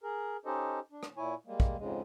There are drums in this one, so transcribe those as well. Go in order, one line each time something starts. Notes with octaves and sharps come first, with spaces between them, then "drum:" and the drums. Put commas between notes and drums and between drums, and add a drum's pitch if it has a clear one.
G#4 A#4
C#4 D#4 G4 A4 C5 D#5
D4
drum: rim click
A#2 E4 C#5 G#5
G3 G#3 A#3
drum: kick
F2 G#2 C#3 G#3